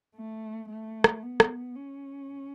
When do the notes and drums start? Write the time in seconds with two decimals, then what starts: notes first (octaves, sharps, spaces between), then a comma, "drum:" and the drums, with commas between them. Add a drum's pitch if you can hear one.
0.15 A3
0.69 A3
1.04 drum: rim click
1.22 B3
1.40 drum: rim click
1.75 C#4